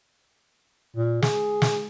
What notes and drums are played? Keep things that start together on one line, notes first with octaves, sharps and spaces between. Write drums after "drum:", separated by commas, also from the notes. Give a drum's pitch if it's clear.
A#2
G#4, drum: snare
drum: snare